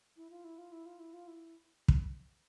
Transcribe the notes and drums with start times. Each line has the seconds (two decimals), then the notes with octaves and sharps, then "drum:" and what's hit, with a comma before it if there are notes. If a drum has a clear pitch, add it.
0.16 E4
0.30 F4
0.44 E4
0.58 F4
0.72 E4
0.86 F4
1.00 E4
1.13 F4
1.28 E4
1.88 drum: kick